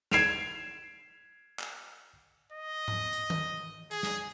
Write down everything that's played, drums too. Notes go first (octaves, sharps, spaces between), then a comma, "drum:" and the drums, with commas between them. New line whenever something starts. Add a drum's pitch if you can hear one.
G#6 C7 D7 E7 F7, drum: snare
drum: clap
D#5
drum: tom G#2
drum: hi-hat
drum: tom D#3
G#4, drum: hi-hat
drum: snare